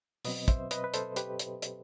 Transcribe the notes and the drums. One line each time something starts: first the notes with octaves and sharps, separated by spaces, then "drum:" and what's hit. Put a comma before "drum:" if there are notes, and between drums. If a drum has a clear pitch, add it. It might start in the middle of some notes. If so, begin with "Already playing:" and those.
B2 F#3 C4 B4 D#5, drum: open hi-hat
C5 E5, drum: kick, hi-hat
B4 D#5, drum: hi-hat
B4
A4 C5, drum: hi-hat
G4 B4, drum: hi-hat
drum: hi-hat
drum: hi-hat